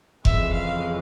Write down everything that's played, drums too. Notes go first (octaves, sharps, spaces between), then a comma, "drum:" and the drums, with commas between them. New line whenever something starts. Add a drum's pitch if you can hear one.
F2 C#3 E3 G#3 E5, drum: kick F1
F5